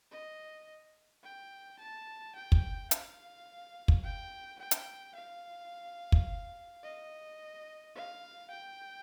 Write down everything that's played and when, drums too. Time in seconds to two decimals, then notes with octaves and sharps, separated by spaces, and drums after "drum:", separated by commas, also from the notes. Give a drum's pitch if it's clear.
0.11 D#5
1.23 G5
1.79 A5
2.35 G5
2.52 drum: kick
2.91 F5, drum: hi-hat
3.88 drum: kick
4.03 G5
4.59 G5
4.71 drum: hi-hat
5.15 F5
6.12 drum: kick
6.83 D#5
7.95 F5
8.50 G5